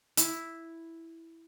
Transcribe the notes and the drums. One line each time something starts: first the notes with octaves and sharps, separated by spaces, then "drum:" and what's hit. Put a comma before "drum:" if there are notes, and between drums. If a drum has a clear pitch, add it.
E4, drum: hi-hat